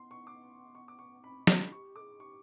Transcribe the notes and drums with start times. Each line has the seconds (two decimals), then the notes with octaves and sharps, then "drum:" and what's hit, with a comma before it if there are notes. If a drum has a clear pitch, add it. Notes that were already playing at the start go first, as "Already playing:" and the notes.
Already playing: B3 C6
0.11 C#6
0.27 D6
0.75 C#6
0.88 D6
0.99 C#6
1.23 C4 B5
1.47 C#4 C6, drum: snare
1.72 G4 C#6
1.96 A4 D6
2.01 G#4
2.20 G4 C#6